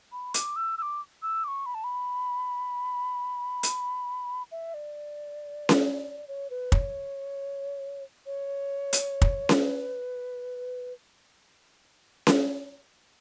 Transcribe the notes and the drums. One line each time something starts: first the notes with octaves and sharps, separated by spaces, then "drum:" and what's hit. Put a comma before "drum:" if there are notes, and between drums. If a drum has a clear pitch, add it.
B5
D6, drum: hi-hat
E6
E6
D6
E6
D6
C#6
B5
A5
B5
drum: hi-hat
E5
D5
drum: snare C#4
C#5
B4
C#5, drum: kick
C#5
drum: hi-hat
drum: kick
drum: snare C#4
B4
drum: snare C#4